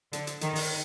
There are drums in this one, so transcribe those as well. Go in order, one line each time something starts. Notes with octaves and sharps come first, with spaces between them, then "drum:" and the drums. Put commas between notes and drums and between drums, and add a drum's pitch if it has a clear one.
D3, drum: hi-hat
drum: hi-hat
D#3, drum: hi-hat
drum: open hi-hat